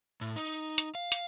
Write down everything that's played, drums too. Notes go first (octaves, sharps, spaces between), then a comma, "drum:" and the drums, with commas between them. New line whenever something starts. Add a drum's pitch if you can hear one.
A2
D#4
drum: hi-hat
F5
drum: hi-hat